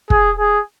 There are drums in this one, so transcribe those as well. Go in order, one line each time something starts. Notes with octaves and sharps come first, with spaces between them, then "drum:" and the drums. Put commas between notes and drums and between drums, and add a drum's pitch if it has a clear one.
G#4, drum: kick
G#4